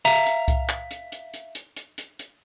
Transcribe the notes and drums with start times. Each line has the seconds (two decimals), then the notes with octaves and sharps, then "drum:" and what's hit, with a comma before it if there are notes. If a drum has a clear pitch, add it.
0.05 E5 F5 A#5, drum: hi-hat
0.26 drum: hi-hat
0.48 drum: kick C2, hi-hat
0.69 drum: clap
0.91 drum: hi-hat
1.12 drum: hi-hat
1.34 drum: hi-hat
1.55 drum: hi-hat
1.76 drum: hi-hat
1.98 drum: hi-hat
2.19 drum: hi-hat